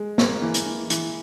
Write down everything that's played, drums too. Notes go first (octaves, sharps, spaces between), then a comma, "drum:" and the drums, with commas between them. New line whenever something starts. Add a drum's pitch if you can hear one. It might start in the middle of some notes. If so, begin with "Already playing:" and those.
Already playing: G#3
A#3, drum: snare
E3
drum: hi-hat
E3
E3, drum: hi-hat